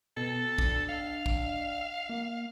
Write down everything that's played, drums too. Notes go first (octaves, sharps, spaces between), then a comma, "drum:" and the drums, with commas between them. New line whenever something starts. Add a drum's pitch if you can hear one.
B2 A4
D4, drum: kick
F5
drum: kick
A#3